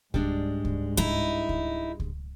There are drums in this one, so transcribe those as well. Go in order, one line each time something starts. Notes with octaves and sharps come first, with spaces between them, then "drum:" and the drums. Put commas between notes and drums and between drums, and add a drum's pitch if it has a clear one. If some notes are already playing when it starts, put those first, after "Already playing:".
G#2 G3 G#3 D4, drum: kick C#2
drum: kick C#2
D#4 E4, drum: kick C#2
drum: kick C#2
drum: kick C#2